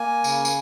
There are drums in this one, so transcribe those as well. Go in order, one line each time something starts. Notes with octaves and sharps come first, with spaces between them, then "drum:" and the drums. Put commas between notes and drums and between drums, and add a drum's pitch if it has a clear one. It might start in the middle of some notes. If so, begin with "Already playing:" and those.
Already playing: A#3 G#5
C#3, drum: tambourine
drum: tambourine